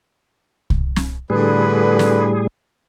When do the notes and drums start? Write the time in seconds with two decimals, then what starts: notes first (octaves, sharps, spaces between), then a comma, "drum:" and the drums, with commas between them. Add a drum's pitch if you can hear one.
0.70 drum: kick C2
0.96 drum: snare
1.30 A2 D3 G3 G#4 B4
1.99 drum: snare